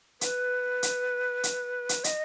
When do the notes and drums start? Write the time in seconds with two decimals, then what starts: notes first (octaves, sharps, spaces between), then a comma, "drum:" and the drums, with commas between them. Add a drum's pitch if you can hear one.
0.21 B4, drum: hi-hat
0.83 drum: hi-hat
1.43 drum: hi-hat
1.89 drum: hi-hat
2.04 D#5, drum: hi-hat